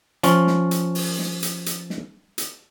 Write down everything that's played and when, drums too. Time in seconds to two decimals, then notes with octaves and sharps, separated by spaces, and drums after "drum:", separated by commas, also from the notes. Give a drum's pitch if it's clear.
0.23 F3 C#4 F4, drum: hi-hat
0.47 drum: snare
0.71 drum: hi-hat
0.95 drum: open hi-hat
1.19 drum: snare
1.42 drum: hi-hat
1.66 drum: hi-hat
1.90 drum: snare
2.38 drum: hi-hat